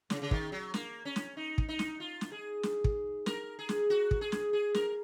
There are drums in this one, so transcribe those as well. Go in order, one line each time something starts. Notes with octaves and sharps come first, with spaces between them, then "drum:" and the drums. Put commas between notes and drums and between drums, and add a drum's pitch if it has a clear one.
C#3, drum: snare
C#3
D#3, drum: kick
F#3
A#3, drum: snare
C#4
drum: snare
D#4
drum: kick
D#4
drum: snare
F4
drum: snare
G#4
drum: snare
drum: kick
A#4, drum: snare
G#4
drum: snare
F#4
drum: kick
G#4
drum: snare
G#4
A#4, drum: snare